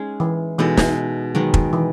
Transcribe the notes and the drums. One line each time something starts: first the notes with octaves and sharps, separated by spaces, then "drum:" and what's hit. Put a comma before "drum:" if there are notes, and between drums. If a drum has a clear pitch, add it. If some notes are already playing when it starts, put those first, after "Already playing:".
Already playing: G#3 C#4 D#4 G#4
E3
B2 E3 G#3 D#4 A4
drum: snare
D#3 F#3 G#3 B3
drum: kick
E3